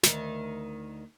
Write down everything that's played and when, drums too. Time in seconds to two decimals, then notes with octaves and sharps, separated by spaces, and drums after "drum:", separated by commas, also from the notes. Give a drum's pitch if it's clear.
0.03 D2 D#3, drum: snare